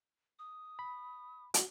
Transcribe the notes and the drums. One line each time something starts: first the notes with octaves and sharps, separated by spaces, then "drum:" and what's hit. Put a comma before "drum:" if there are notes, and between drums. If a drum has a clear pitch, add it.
D#6
B5
F#4, drum: hi-hat